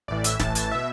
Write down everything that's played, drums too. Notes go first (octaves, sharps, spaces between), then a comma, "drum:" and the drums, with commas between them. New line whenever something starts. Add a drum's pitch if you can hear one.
A1 A2 E3 D5
E5, drum: hi-hat
A1 A2 E3 A5, drum: snare
A5, drum: hi-hat
B2 E5